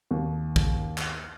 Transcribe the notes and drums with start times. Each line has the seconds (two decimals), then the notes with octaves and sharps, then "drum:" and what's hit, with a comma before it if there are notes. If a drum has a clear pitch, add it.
0.11 D#2
0.56 drum: kick
0.98 drum: clap